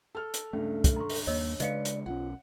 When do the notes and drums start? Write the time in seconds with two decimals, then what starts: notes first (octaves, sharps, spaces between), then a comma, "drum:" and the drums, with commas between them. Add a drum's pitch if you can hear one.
0.15 A4 F6
0.34 drum: hi-hat
0.53 C#2 G2 A3 C#4 A4
0.84 drum: kick, hi-hat
0.96 A#5 C6 C#6
1.09 drum: open hi-hat
1.27 D#2 A#3 C#5 D#5 E6
1.60 C#3 G#3 D4 B4 D5 D#5 F5 C#7, drum: hi-hat
1.85 drum: hi-hat
2.06 B1 G3 C#4 F4 F#5